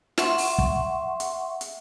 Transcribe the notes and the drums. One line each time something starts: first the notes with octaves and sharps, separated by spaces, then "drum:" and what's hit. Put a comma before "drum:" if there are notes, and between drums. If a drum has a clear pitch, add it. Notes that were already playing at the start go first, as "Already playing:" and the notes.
E5 F#5 C6 C#6, drum: snare
drum: open hi-hat
drum: kick
drum: hi-hat
drum: hi-hat